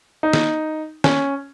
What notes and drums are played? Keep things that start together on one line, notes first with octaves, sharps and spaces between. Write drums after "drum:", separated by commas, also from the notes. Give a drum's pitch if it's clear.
D#4
drum: snare
C#4, drum: snare